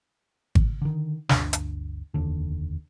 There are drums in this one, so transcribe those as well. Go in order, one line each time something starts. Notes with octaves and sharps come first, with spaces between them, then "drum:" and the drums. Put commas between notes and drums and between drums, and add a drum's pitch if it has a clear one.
drum: kick G#1
D3 D#3
G1 D2 D4, drum: snare
drum: hi-hat
F1 D#2 D3